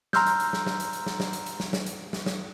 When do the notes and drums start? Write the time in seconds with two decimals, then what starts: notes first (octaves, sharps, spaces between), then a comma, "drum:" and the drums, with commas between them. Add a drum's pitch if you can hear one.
0.13 A#5 C6 E6 F6 G6, drum: snare
0.27 drum: hi-hat
0.40 drum: hi-hat
0.53 drum: snare
0.66 drum: snare
0.80 drum: hi-hat
0.93 drum: hi-hat
1.06 drum: snare
1.20 drum: snare
1.33 drum: hi-hat
1.46 drum: hi-hat
1.60 drum: snare
1.73 drum: snare
1.86 drum: hi-hat
2.13 drum: snare
2.26 drum: snare